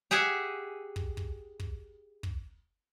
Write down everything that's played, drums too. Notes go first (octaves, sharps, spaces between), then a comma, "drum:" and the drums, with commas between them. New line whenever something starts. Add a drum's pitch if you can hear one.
G4 G#4 E5 F#5 G#5
drum: kick
drum: kick
drum: kick
drum: kick